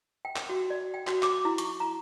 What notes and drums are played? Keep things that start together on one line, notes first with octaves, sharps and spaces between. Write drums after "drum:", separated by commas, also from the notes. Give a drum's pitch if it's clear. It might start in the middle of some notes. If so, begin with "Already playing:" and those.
G5
drum: clap
F#4
D5
G5
F#4, drum: clap
D6, drum: clap
E4
C#6, drum: hi-hat
A#5